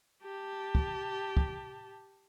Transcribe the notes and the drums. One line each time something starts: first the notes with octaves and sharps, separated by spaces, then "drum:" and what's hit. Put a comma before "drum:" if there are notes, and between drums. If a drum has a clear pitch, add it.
G4 A5
drum: kick
drum: kick